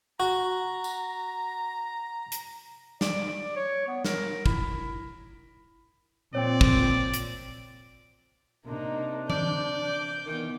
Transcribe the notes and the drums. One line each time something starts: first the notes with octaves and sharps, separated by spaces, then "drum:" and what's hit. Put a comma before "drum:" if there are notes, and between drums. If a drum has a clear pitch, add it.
F#4 A#5
drum: tambourine
drum: hi-hat
D5, drum: snare
D5
C#5
B3
A#4, drum: snare
E4, drum: kick
A#2 F3 C4 C#5 D5 G5
drum: kick
drum: hi-hat
C3 A#3 D4 D#4
D5 G6, drum: tom E3
D6 G6
D#3 E3 B3